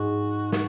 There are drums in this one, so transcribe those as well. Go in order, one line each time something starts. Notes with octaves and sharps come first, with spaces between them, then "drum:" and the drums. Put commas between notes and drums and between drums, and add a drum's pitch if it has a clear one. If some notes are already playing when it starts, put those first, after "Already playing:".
Already playing: G#2 G#3 F#4
F#4, drum: snare